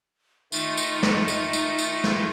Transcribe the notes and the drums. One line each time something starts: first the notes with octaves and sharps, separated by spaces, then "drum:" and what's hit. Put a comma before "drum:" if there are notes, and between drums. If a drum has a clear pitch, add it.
D#3 A3 D#4 F4, drum: tambourine
drum: tambourine
drum: snare
drum: tambourine
drum: tambourine
drum: tambourine
drum: snare